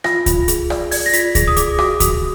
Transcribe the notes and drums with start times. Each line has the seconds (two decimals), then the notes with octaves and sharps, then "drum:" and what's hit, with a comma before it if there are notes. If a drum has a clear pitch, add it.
0.04 F4 A#6, drum: rim click
0.26 F4, drum: kick C#2, hi-hat
0.48 G#4, drum: hi-hat
0.70 D5, drum: rim click
0.91 D5 G#6, drum: open hi-hat
1.06 A#6
1.13 F4 B6, drum: hi-hat
1.35 G#4 A#6, drum: kick C#2, hi-hat
1.48 D#6
1.57 G#4 D6, drum: hi-hat
1.78 F#4 D6, drum: rim click
2.00 F#4 D#6, drum: kick C#2, hi-hat